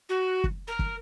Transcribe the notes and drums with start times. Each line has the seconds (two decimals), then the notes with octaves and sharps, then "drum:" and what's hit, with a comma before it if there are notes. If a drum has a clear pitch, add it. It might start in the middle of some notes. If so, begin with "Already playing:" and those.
0.08 F#4
0.44 drum: kick
0.67 A#4
0.79 drum: kick